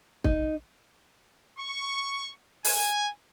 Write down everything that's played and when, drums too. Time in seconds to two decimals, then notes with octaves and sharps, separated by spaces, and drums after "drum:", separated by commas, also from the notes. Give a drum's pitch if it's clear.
0.24 D#4, drum: kick
1.58 C#6
2.64 G#5, drum: open hi-hat